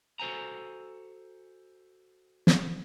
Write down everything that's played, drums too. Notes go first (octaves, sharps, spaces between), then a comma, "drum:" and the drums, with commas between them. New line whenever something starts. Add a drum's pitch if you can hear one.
F#4 A4 C5 G#5 A#5
drum: snare